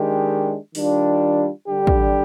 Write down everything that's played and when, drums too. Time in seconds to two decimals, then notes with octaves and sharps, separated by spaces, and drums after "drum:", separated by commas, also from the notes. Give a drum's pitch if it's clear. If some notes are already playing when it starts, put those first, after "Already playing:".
Already playing: D#3 G#3 D4 G4
0.75 D#3 G3 D4 F4, drum: open hi-hat
1.67 D3 G3 D4 G4
1.87 drum: kick